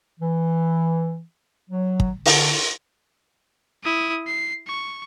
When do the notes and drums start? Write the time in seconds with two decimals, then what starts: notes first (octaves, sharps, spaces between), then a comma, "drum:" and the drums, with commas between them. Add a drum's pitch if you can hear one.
0.20 E3
1.70 F#3
2.00 drum: kick
2.26 D3, drum: open hi-hat
3.83 E4 D#6
4.27 C7
4.67 C#6